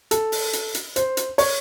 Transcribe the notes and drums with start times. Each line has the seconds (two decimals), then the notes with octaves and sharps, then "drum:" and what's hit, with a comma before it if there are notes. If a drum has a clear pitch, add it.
0.11 A4, drum: hi-hat
0.32 drum: open hi-hat
0.53 drum: hi-hat
0.74 drum: hi-hat
0.96 C5, drum: hi-hat
1.17 drum: hi-hat
1.38 C#5, drum: open hi-hat